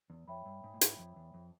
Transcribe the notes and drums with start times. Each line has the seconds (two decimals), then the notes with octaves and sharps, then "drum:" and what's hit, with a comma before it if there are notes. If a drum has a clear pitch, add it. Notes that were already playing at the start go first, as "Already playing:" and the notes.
0.10 E2
0.28 F2 C#5 E5 G5 B5
0.46 G2
0.64 G#2
0.74 A2
0.81 G#2, drum: hi-hat
0.99 F2
1.16 E2
1.34 F2